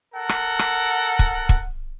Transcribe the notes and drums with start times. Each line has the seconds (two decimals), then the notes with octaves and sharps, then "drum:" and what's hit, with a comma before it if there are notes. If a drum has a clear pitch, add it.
0.14 A4 A#4 F#5
0.29 drum: rim click
0.59 drum: rim click
1.19 drum: kick
1.49 drum: kick